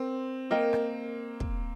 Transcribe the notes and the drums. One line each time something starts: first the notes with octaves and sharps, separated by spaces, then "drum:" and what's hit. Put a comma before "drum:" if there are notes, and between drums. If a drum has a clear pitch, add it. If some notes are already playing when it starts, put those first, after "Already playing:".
Already playing: C4 A#4
A#3 A#4 D#5 G5
drum: rim click
drum: kick